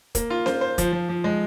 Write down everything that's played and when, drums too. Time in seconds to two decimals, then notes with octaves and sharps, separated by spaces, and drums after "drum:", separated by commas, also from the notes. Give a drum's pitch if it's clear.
0.15 A#3, drum: kick E1, hi-hat
0.30 F4
0.46 C5, drum: snare C#4
0.61 C5
0.78 F3, drum: kick E1, hi-hat
0.92 F3
1.09 F3
1.24 G#3